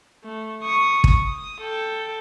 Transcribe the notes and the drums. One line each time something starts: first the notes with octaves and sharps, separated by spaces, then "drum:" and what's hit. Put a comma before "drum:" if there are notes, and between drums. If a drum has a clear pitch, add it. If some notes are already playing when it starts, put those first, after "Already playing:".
A3
C#6 D#6
drum: kick
D#6
A4 G5